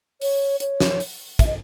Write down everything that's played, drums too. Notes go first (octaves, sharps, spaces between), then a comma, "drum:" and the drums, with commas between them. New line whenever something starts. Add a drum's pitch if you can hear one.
C#5, drum: open hi-hat
C#5, drum: hi-hat
drum: snare
drum: open hi-hat
E5, drum: kick, hi-hat
D#5